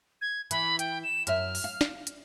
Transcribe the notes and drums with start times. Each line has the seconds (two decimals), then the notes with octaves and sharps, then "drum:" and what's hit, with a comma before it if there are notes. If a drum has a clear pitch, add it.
0.21 G#6
0.51 E3 B5, drum: hi-hat
0.79 G5, drum: hi-hat
1.04 E7
1.27 F#2 E5 F6, drum: hi-hat
1.55 drum: open hi-hat
1.64 F5
1.81 drum: snare
2.07 drum: hi-hat